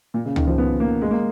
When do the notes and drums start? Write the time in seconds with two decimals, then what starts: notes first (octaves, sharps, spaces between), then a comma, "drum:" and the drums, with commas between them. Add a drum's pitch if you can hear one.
0.14 A#2
0.25 C#3
0.36 D#3, drum: tom
0.47 F3
0.58 B3
0.80 A#3
1.02 G#3
1.11 A#3